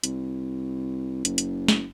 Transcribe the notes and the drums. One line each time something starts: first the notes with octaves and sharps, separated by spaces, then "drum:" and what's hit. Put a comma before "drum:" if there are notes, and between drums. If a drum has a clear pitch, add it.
C2, drum: hi-hat
F#1, drum: hi-hat
drum: hi-hat
drum: snare